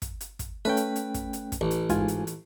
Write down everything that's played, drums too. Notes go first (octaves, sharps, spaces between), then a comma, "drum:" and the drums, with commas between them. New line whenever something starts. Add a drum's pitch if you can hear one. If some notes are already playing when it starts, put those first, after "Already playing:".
drum: kick, hi-hat
drum: hi-hat
drum: kick, hi-hat
A3 C#4 B4 G5
drum: hi-hat
drum: hi-hat
drum: kick, hi-hat
drum: hi-hat
drum: kick, hi-hat
A1
drum: hi-hat
G#2 F4 G#5, drum: kick, hi-hat
drum: hi-hat
drum: hi-hat